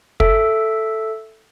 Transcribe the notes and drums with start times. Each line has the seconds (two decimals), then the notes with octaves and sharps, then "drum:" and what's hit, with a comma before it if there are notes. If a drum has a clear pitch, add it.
0.20 A4 E5, drum: kick